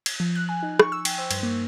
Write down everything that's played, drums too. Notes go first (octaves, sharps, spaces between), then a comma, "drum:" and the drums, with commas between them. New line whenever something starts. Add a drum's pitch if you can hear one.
drum: cymbal
F3
F#6
G#5
D#4
C#6, drum: rim click
E6
G5, drum: cymbal
C5
G2, drum: cymbal
A#3